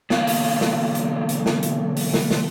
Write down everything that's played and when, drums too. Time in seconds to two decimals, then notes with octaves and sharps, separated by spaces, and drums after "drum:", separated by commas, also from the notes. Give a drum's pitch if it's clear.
0.10 B2 D3 E3 A#3 F5, drum: snare
0.27 drum: open hi-hat
0.61 drum: snare
0.95 drum: hi-hat
1.29 drum: hi-hat
1.46 drum: snare
1.63 drum: hi-hat
1.97 drum: open hi-hat
2.14 drum: snare
2.31 drum: snare